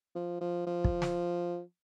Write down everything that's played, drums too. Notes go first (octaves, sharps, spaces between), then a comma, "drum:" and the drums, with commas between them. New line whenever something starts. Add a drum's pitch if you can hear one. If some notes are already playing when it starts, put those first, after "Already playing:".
F3
F3
F3
drum: kick
drum: snare